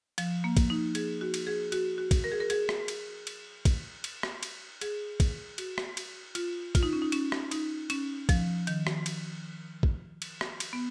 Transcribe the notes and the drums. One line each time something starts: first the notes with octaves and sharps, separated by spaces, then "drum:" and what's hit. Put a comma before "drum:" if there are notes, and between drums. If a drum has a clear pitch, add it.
F3, drum: cymbal
A#3
drum: kick, cymbal
D#4
G#4, drum: cymbal
F#4
drum: cymbal
G#4
F#4, drum: cymbal
F#4
drum: kick, cymbal
A#4
G#4
A#4
G#4, drum: cymbal
drum: rim click
drum: cymbal
drum: cymbal
drum: kick, cymbal
drum: cymbal
drum: rim click
drum: cymbal
G#4, drum: cymbal
drum: kick, cymbal
F#4, drum: cymbal
drum: rim click
drum: cymbal
F4, drum: cymbal
F4, drum: kick, cymbal
D#4
C#4
D#4
C#4, drum: cymbal
drum: rim click
D#4, drum: cymbal
C#4, drum: cymbal
F3, drum: kick, cymbal
D#3, drum: cymbal
drum: rim click
drum: cymbal
drum: kick
drum: cymbal
drum: rim click
drum: cymbal
B3